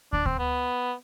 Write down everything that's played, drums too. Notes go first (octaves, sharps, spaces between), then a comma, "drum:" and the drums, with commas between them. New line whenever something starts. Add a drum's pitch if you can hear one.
D4, drum: kick
C4, drum: kick
B3